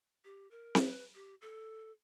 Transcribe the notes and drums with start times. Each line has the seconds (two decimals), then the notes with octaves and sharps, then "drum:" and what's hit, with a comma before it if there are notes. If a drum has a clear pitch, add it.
0.25 G4
0.51 A#4
0.75 drum: snare C4
0.85 B4
1.15 G4
1.41 A4